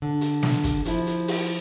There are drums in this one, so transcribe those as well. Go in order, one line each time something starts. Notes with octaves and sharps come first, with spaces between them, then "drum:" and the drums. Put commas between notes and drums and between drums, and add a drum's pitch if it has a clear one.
D3
drum: hi-hat
drum: snare
drum: kick, hi-hat
F3 E4, drum: hi-hat
drum: hi-hat
drum: open hi-hat